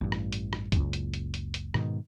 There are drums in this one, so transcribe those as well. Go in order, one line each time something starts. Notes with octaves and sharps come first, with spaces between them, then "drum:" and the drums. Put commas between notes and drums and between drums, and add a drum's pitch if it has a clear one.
A1 G2
drum: rim click
drum: hi-hat
drum: rim click
F#1 C#2, drum: kick, hi-hat
drum: hi-hat
drum: hi-hat
drum: hi-hat
drum: hi-hat
G#2 B2 D#3, drum: rim click